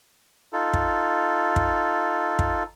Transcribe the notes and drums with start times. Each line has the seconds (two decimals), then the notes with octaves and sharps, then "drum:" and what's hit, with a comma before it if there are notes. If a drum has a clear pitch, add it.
0.53 D#4 F4 A4
0.73 drum: kick
1.56 drum: kick
2.39 drum: kick